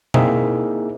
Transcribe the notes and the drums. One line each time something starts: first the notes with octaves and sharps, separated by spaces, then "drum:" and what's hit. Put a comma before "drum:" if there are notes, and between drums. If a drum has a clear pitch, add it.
A#3 C4 D#4 E4 G#4 E5, drum: tom B2